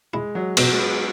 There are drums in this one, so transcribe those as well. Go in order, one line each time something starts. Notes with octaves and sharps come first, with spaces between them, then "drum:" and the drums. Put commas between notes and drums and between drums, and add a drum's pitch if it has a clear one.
G#3 E4
F#3
B2 F#3, drum: cymbal
G#3
B3